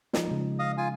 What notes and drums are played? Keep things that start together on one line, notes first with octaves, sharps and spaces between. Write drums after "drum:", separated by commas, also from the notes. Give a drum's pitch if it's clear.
F3 D#4, drum: snare
C#3 G#3
D#5 F5 D#6
F4 G#5